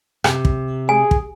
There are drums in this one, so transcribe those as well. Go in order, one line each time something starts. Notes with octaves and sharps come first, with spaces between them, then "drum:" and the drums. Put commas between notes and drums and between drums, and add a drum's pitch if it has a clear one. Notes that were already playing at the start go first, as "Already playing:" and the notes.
C3, drum: rim click
drum: kick
G#4 G#5
drum: kick